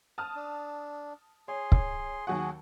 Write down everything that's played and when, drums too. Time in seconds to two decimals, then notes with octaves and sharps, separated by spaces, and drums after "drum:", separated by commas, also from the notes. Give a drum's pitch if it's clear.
0.18 A5 D#6 F6
0.36 D4
1.48 G#4 C#5 C6
1.72 drum: kick
2.27 D#2 F#3 F#4 G#4 F#5